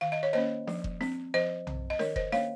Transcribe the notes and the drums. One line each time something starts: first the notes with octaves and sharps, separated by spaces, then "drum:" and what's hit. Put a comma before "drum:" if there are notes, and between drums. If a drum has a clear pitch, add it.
D#3 F5
D#5
C#5
A#3 C#4 C5 D#5
F3, drum: snare D4
drum: kick F1
C4, drum: snare D4
F3 C5 D#5
C4, drum: tom B1
D#5
D#3 A#4 C#5, drum: snare D4
C5 D#5, drum: kick F1
A#3 C#4 C#5 F5, drum: snare D4